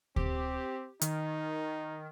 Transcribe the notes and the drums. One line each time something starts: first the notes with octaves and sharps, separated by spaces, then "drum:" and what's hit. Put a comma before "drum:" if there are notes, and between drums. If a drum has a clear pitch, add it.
C4 G4, drum: kick D2
D#3 D#4, drum: hi-hat